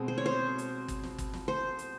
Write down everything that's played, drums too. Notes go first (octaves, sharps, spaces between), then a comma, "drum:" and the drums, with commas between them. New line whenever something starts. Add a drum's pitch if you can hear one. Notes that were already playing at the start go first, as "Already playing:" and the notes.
Already playing: B2 G#3 C4
C5
C#5
C5
drum: hi-hat
drum: kick, hi-hat
drum: snare
drum: kick, hi-hat
drum: snare
C5
drum: hi-hat